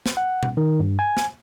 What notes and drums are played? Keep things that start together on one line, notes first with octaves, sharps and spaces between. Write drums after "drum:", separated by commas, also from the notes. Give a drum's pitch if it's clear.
drum: snare
F#5
drum: tom B2
D#3
G2
G#5
drum: snare